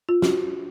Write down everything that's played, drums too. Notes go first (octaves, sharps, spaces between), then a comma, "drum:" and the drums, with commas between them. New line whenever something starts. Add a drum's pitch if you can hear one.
F4
F#4, drum: snare